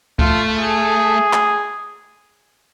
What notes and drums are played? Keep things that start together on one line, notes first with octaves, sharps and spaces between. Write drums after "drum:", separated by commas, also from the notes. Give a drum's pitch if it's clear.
A3 F4, drum: kick C#2
G#4
drum: clap